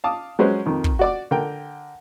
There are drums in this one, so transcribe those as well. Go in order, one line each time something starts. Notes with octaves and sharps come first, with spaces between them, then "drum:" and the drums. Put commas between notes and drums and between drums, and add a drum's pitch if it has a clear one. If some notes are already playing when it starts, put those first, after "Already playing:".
F5 A5 D6 D#6
F#3 G#3 C#4 B4 C5
F2 D#3
drum: kick
F#4 D5 D6
D3 A#4 G5